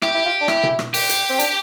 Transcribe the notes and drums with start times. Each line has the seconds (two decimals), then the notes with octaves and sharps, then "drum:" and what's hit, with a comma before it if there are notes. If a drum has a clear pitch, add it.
0.02 E4 G4, drum: rim click
0.15 E4
0.26 F4
0.41 D4
0.48 E4, drum: rim click
0.63 drum: tom B2
0.79 drum: rim click
0.94 G4, drum: open hi-hat
1.09 drum: hi-hat
1.30 C4
1.39 D4, drum: hi-hat